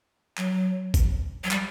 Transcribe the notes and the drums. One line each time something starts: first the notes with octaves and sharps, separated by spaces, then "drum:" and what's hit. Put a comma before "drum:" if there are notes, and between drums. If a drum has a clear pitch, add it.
F#3, drum: clap
drum: kick G#1, tambourine
F#3
G3, drum: clap